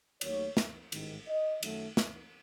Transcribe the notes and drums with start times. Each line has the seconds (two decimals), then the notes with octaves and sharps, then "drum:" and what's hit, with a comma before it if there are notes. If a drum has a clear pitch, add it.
0.21 D#2 D#3 F#3 A3 C#5, drum: cymbal
0.57 drum: snare
0.92 A1 G#2 D#3, drum: cymbal
1.28 D#5
1.63 F#2 D#3 F#3 A3, drum: cymbal
1.97 drum: snare